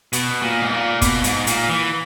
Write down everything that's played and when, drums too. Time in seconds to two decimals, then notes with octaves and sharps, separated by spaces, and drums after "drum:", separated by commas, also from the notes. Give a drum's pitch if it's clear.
0.13 B2, drum: hi-hat
0.42 A#2
0.60 G#2
0.72 A#2
1.02 B2, drum: kick, hi-hat
1.24 G#2, drum: hi-hat
1.47 A#2, drum: hi-hat
1.69 E3